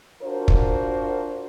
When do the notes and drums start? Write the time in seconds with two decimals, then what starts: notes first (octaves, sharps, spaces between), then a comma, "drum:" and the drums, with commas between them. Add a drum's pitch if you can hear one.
0.22 D4 F4 F#4 A#4 C5
0.48 drum: kick